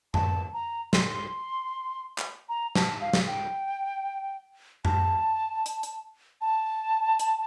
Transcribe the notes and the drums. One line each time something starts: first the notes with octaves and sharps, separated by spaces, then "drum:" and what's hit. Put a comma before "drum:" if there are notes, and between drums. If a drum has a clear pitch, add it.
A5, drum: tom F#2
A#5
C6, drum: snare
drum: clap
A#5
A5, drum: snare
F5
drum: snare
G5
A5, drum: tom F#2
drum: hi-hat
drum: hi-hat
A5
drum: hi-hat